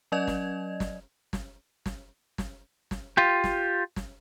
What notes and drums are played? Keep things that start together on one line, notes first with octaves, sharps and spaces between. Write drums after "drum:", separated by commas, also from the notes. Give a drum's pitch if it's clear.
F#3 C#4 D5 D#5 G#6
drum: snare
drum: snare
drum: snare
drum: snare
drum: snare
drum: snare
F4 G4
drum: snare
drum: snare